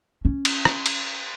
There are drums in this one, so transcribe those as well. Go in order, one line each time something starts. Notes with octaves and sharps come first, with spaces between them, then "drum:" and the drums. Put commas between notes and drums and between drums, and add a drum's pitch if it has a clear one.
C#4
drum: cymbal
drum: rim click
drum: cymbal